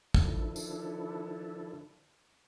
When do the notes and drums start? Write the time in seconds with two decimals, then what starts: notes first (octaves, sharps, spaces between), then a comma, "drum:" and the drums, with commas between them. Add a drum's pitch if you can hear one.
0.14 D3 D#3 F3 D4 E4 A4, drum: kick
0.56 drum: tambourine